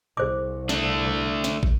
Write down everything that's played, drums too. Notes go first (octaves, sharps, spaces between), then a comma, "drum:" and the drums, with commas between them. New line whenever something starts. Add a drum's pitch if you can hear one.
C2 G#4 C5 D6
A3 D4, drum: snare
drum: snare
drum: kick